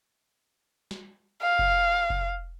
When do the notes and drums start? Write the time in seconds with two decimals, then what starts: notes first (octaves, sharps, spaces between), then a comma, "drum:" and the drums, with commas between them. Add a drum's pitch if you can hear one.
0.91 drum: snare
1.42 F5
1.59 drum: kick F1
2.10 drum: kick F1